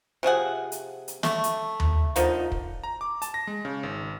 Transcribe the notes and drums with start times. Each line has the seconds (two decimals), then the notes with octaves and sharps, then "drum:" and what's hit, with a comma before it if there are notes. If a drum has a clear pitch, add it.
0.23 C3 F3 G#4 F#5
0.72 drum: hi-hat
1.08 drum: hi-hat
1.23 A3, drum: snare
1.44 drum: hi-hat
1.80 drum: tom D#2
2.16 D3 F3 A#3 D#4, drum: hi-hat
2.52 drum: kick
2.84 A#5
3.01 D6
3.22 A5, drum: hi-hat
3.34 A#6
3.47 G#3
3.65 C#3
3.83 G#1